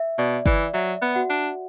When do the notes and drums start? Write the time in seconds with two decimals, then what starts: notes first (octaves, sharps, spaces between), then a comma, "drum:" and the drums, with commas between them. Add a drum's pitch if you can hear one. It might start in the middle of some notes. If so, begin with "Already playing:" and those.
Already playing: E5
0.18 B2 D5
0.46 E3 D5, drum: kick F#1
0.74 F#3 E5
1.02 B3
1.15 F#4 F#5
1.30 D4